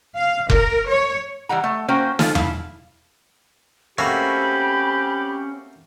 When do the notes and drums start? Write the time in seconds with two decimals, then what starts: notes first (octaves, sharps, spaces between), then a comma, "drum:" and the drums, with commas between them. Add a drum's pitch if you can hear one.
0.17 F5
0.50 A#4, drum: kick F1
0.88 C#5
1.49 E3 G3 F#5 A#5
1.64 A3
1.88 A#3 C#4 F#4 C5 G5
2.19 F3 F4 A4, drum: snare
2.35 E4 F5, drum: tom E2
3.98 A3 A#3 C4 C#4 F#4 G4 C#5 B5